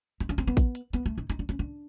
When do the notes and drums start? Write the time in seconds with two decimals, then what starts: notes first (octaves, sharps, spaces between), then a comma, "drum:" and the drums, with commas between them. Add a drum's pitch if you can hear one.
0.20 D#4, drum: hi-hat
0.29 D4
0.38 C4, drum: hi-hat
0.47 B3
0.57 drum: kick A1, hi-hat
0.75 drum: hi-hat
0.93 B3, drum: hi-hat
1.06 A3
1.18 D#4
1.30 D#4, drum: hi-hat
1.39 D4
1.49 C#4, drum: hi-hat
1.59 D4